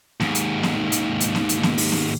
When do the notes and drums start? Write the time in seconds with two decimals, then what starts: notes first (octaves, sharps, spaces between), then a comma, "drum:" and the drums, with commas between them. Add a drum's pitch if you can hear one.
0.20 D#2 G#2, drum: snare B3
0.35 drum: hi-hat
0.63 drum: snare B3
0.92 drum: hi-hat
1.20 drum: hi-hat
1.35 drum: snare B3
1.49 drum: hi-hat
1.63 drum: snare B3
1.78 drum: open hi-hat
1.92 drum: snare B3